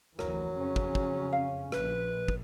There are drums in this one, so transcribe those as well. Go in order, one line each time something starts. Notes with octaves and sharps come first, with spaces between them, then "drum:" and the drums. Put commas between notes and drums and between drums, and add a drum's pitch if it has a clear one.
F1 D2 E3 F#3 A#4, drum: rim click
F2 C#3 C#4
drum: kick
drum: kick
F5
A#1 B4, drum: rim click
drum: kick